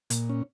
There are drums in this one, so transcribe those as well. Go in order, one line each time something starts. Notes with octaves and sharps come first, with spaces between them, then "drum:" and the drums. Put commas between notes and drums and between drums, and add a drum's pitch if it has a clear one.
A#2, drum: hi-hat
C#4